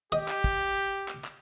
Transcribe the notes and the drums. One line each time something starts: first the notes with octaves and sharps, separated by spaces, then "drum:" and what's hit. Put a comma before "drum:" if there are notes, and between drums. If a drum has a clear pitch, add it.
G4 D#5
drum: clap
drum: kick
drum: clap
drum: clap